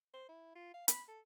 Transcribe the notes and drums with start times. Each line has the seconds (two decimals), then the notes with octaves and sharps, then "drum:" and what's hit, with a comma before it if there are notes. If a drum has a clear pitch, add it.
0.14 C5
0.29 E4
0.56 F4
0.74 F5
0.88 B5, drum: hi-hat
1.08 A4